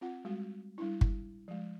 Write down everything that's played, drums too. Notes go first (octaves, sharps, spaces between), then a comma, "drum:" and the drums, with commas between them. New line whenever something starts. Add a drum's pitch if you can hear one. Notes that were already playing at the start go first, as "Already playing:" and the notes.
C4 F4 F#5
G3 G#3 F#4
G3 D4 E4
drum: kick
F3 G#3